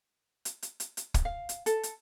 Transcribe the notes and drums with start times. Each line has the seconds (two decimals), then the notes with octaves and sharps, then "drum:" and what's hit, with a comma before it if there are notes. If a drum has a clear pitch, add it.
0.45 drum: hi-hat
0.62 drum: hi-hat
0.80 drum: hi-hat
0.97 drum: hi-hat
1.14 drum: kick, hi-hat
1.25 F5
1.49 drum: hi-hat
1.66 A4, drum: hi-hat
1.83 drum: hi-hat